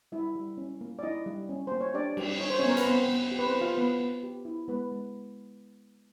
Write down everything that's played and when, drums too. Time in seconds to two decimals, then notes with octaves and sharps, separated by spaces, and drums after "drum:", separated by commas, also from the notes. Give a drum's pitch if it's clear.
0.12 G3 E4 E5
0.36 G3
0.57 C#4
0.81 A#3
0.99 D5
1.03 D#4 E4 D#5
1.26 G3
1.49 C#4
1.67 A#3 C5
1.81 C#5
1.94 D4 G4 D5
2.17 G3, drum: cymbal
2.40 D#4 C#5
2.50 C5
2.59 B3 C#4 C#5
2.69 A#4
2.77 B4, drum: hi-hat
2.86 B3 C4 C5
3.09 B3
3.31 G4
3.39 B4
3.46 C4 C5
3.55 D#4
3.61 F4 F5
3.77 B3 B4
4.00 B3
4.23 G4
4.45 E4
4.68 G#3 B3 B4
4.92 G#3